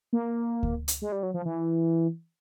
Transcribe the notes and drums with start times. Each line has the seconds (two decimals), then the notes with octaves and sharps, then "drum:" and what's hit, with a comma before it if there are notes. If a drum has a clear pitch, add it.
0.13 A#3
0.63 drum: kick D2
0.88 drum: hi-hat
1.02 G#3
1.12 G3
1.23 F#3
1.34 F3
1.45 E3